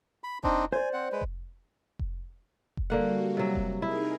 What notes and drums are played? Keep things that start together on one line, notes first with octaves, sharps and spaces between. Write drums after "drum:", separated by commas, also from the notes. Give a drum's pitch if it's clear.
B5
C4 D4 D#4, drum: kick F1
C5 D5 G#5
C4 F#5
G#3 B4
drum: kick F1
drum: kick F1
drum: kick F1
D3 G3 A#3 F#4 F#5
C3 F#3
drum: kick F1
D#4 E4 G#4 A#4